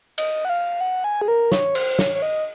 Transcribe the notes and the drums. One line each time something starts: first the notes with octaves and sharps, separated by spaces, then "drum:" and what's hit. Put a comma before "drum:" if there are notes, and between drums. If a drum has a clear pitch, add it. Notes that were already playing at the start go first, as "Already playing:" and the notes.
D#5, drum: cymbal
F#5
F5
F#5
G#5
G#4
A#4
C#5, drum: snare
C5, drum: cymbal
C#5, drum: snare
C#5
D#5